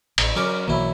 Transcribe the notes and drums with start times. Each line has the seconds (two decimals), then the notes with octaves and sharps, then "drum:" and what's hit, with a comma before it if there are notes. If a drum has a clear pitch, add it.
0.18 A1, drum: cymbal
0.36 F#3 C#4 A#4 D5
0.68 B1 E3 F#3 A#3 E4